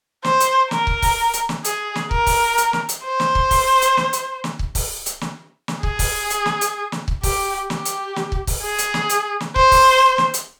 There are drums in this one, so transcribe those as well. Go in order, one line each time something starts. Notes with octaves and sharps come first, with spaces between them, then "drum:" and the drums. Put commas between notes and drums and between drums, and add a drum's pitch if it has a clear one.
C5, drum: snare
drum: hi-hat
A#4, drum: snare
drum: kick
drum: kick, open hi-hat
drum: hi-hat
drum: snare
G#4, drum: hi-hat
drum: snare
A#4, drum: kick
drum: kick, open hi-hat
drum: hi-hat
drum: snare
drum: hi-hat
C5
drum: snare
drum: kick
drum: kick, open hi-hat
drum: hi-hat
drum: snare
drum: hi-hat
drum: snare
drum: kick
drum: kick, open hi-hat
drum: hi-hat
drum: snare
drum: snare
G#4, drum: kick
drum: kick, open hi-hat
drum: hi-hat
drum: snare
drum: hi-hat
drum: snare
drum: kick
G4, drum: kick, open hi-hat
G4, drum: snare
drum: hi-hat
drum: snare
drum: kick
drum: kick, open hi-hat
G#4
drum: hi-hat
drum: snare
drum: hi-hat
drum: snare
C5, drum: kick
drum: kick, open hi-hat
drum: snare
drum: hi-hat